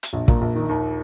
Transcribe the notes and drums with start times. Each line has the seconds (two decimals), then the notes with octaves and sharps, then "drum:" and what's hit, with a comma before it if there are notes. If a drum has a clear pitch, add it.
0.03 drum: hi-hat
0.13 A#1
0.28 A#2, drum: kick
0.41 A#1
0.56 D#3
0.69 D#2